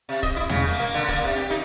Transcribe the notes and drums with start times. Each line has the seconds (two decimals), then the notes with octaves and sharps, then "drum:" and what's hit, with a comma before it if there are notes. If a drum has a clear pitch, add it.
0.09 C3
0.23 D#5, drum: kick
0.36 E4
0.49 C#3, drum: tom
0.67 A#3
0.79 A#3
0.94 D3
1.08 A#3, drum: kick
1.24 C3
1.36 G4
1.50 D#4